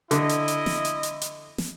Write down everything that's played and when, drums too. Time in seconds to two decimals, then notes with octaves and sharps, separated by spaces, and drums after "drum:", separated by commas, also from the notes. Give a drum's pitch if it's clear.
0.11 D3 E4 D#5, drum: hi-hat
0.29 drum: hi-hat
0.48 drum: hi-hat
0.66 drum: snare
0.85 drum: hi-hat
1.03 drum: hi-hat
1.21 drum: hi-hat
1.58 drum: snare